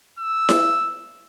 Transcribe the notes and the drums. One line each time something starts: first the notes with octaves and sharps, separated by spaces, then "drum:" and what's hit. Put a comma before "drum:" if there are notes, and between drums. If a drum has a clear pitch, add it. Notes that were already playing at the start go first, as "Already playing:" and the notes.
E6
drum: snare E4